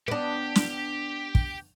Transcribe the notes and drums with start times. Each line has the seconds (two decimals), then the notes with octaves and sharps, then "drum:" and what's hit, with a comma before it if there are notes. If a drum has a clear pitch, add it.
0.08 B3 D4 G4
0.56 drum: snare
1.35 drum: kick